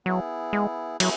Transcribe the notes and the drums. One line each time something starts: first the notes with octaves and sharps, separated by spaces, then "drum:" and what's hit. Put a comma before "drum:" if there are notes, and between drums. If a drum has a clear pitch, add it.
F#3 B3 E4 G#4
G#3
F#3 B3 E4 G#4, drum: cymbal